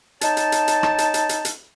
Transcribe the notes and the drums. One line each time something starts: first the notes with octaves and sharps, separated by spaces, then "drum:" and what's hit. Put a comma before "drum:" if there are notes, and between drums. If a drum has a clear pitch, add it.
D#4 C#5 G5 A5, drum: hi-hat
drum: hi-hat
drum: hi-hat
drum: hi-hat
drum: rim click
drum: hi-hat
drum: hi-hat
drum: hi-hat
drum: hi-hat